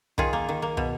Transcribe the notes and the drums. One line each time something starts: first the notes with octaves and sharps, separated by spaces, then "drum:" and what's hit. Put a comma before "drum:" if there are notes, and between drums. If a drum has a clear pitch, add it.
D#3 F4 G#4, drum: kick
A#3
D#3
A#3
B2, drum: kick